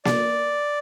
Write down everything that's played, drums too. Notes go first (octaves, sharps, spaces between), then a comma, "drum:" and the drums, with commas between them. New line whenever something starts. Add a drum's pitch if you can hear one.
D5, drum: snare A#3